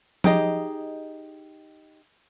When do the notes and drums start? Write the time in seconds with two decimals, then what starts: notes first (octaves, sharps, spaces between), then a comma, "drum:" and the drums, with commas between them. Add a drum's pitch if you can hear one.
0.24 D#4 G4 G#4 D#5, drum: tom F3